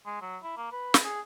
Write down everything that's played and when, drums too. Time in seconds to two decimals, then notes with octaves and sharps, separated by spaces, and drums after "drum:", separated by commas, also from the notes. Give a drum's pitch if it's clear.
0.06 G#3
0.21 F#3
0.43 E4
0.57 A#3
0.72 B4
0.94 drum: snare
1.04 G#4